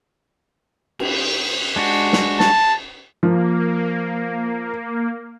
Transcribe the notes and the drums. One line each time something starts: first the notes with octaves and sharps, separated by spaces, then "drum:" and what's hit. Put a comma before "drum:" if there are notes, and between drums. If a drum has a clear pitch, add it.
drum: cymbal
G#3 D4 F#4
drum: snare
A5, drum: snare
F3 A#3